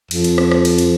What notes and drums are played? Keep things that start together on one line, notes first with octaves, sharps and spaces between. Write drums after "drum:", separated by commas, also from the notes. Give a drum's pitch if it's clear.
F2, drum: cymbal
drum: cymbal
drum: rim click
drum: rim click
drum: cymbal
drum: cymbal